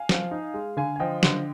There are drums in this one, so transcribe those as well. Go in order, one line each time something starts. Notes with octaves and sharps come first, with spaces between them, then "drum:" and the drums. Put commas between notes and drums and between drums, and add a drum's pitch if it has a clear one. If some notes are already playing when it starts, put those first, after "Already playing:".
Already playing: F5 G#5
F3, drum: snare
D#4
G#3
D3 F5 G#5
G#5
F3 D#5 G5
D3, drum: snare